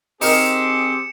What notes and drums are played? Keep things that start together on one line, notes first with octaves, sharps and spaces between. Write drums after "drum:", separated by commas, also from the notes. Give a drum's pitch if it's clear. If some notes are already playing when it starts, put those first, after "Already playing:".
C4 D#4 G4 G#4 A#4 C#7 E7, drum: open hi-hat